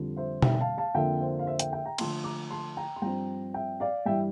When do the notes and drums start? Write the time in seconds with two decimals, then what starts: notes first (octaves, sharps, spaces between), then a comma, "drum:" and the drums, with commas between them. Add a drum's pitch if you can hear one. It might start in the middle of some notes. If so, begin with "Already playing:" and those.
Already playing: F2 D3 G3
0.16 C5 E5
0.42 E5 G5, drum: tom B2
0.60 F5 A5
0.78 F5 A5
0.95 F2 D3 F3 A#3 E5 G5
1.20 C5 E5
1.39 F5
1.46 C5 E5
1.59 E5 G5, drum: hi-hat
1.73 E5 G5
1.85 G5 A#5
1.98 D3 F3 A3 A5 C6, drum: cymbal
2.24 A#5 D6
2.51 A5 C6
2.77 G5 A#5
2.96 C6
3.02 G2 F3 C4 G5 A#5
3.54 E5 G5
3.80 D5 F5
4.06 G2 E3 G3 E5 G5